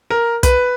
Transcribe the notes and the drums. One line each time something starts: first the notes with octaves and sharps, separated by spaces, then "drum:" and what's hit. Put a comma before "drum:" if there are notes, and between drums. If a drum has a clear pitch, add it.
A#4
B4, drum: kick, hi-hat